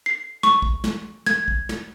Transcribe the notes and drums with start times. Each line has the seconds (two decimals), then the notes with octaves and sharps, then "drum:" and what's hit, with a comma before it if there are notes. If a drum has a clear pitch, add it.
0.06 C7
0.43 C#6, drum: snare
0.62 drum: kick
0.84 drum: snare
1.26 G#6, drum: snare
1.48 drum: kick
1.69 drum: snare